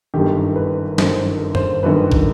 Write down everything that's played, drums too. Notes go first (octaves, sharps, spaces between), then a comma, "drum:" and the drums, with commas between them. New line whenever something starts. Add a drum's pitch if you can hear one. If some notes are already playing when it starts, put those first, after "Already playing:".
G1 F#2 D#3 G4
B4
G1 F#2 D#3 C5, drum: snare
C5, drum: tom F#2
G1 F#2 D#3 B4
drum: kick